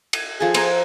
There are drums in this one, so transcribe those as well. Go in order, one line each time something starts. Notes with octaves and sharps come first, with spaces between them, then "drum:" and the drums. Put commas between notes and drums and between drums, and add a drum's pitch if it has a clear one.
drum: cymbal
F3 G#4 A4
C5 A#5, drum: cymbal